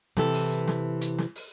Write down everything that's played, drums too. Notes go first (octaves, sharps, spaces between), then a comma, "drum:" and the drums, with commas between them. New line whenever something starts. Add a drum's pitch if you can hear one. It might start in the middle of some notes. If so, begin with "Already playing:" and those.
C3 E3 A4, drum: snare
drum: open hi-hat
drum: snare
drum: hi-hat
drum: snare
drum: open hi-hat